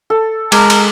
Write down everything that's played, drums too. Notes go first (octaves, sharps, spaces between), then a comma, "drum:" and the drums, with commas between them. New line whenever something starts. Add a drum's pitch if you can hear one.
A4
G#3 A#4 D6 G#6, drum: cymbal
drum: cymbal